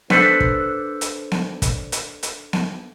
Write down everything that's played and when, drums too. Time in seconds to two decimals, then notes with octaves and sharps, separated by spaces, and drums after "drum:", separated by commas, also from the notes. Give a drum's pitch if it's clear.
0.10 D4 A4 B4 C5, drum: snare B3
0.40 drum: kick
1.01 drum: hi-hat
1.32 drum: snare B3
1.62 drum: kick, hi-hat
1.92 drum: hi-hat
2.23 drum: hi-hat
2.53 drum: snare B3